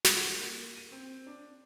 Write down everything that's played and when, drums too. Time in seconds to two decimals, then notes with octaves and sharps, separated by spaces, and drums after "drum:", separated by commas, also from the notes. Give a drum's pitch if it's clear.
0.04 drum: snare
0.16 F#4
0.36 A#3
0.76 D#7
0.92 C4
1.26 D4